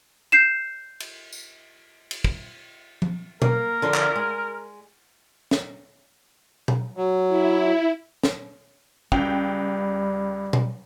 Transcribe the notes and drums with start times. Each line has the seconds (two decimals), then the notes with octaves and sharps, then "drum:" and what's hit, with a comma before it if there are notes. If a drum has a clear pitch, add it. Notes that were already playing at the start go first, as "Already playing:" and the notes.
0.32 G6 C7 E7
1.00 drum: cymbal
1.32 drum: tambourine
2.11 drum: cymbal
2.24 drum: kick
3.02 drum: tom
3.42 A#3 A#4, drum: tom B2
3.82 D3 F3 D5
3.94 drum: clap
4.15 G#3
5.51 drum: snare
6.68 drum: tom B2
6.97 F#3
7.28 E4
8.23 drum: snare
9.12 C#2 G3 G5 F7, drum: kick
10.53 drum: tom B2